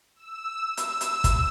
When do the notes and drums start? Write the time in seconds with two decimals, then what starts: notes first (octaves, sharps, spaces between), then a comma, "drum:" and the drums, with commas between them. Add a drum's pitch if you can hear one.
0.15 E6
0.77 E6, drum: hi-hat
1.01 drum: hi-hat
1.24 drum: kick, hi-hat